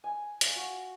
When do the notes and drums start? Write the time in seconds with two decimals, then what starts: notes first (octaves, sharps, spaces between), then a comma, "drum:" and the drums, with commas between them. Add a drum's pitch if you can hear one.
0.04 G#5
0.41 F5, drum: hi-hat
0.56 F#4